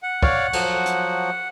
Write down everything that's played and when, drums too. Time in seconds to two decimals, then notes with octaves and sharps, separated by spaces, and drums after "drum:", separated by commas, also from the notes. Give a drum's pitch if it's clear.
0.03 F#5
0.22 C#5 D5 F5, drum: kick
0.53 F3 F#3, drum: cymbal
0.85 drum: hi-hat